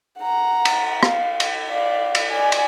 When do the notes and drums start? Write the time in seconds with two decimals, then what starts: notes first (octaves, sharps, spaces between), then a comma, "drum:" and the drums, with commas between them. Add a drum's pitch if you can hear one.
0.19 F#5 A#5
0.65 drum: cymbal
1.03 F5, drum: rim click
1.40 drum: cymbal
1.70 D5 F5
2.15 drum: cymbal
2.31 D5 G#5
2.52 drum: cymbal